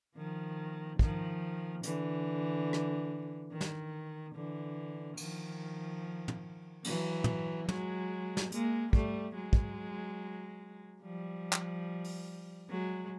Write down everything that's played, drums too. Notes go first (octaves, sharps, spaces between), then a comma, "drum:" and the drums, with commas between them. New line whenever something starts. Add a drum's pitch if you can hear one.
D#3 F3
D#3 F3, drum: kick
D3 E3, drum: hi-hat
drum: rim click
D#3
drum: snare
D3 E3
D#3 F3, drum: cymbal
drum: tom
E3 F#3, drum: cymbal
drum: tom
F#3 G#3, drum: tom
drum: snare
G#3 A#3, drum: hi-hat
G3 A3, drum: kick
F#3 G#3
drum: kick
F3 G3
drum: clap
drum: open hi-hat
F#3 G#3